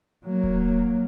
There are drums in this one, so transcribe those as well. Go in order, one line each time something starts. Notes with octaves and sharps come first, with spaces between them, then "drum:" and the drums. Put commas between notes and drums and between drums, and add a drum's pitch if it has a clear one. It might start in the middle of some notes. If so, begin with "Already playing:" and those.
F#3 A#3
drum: kick D#1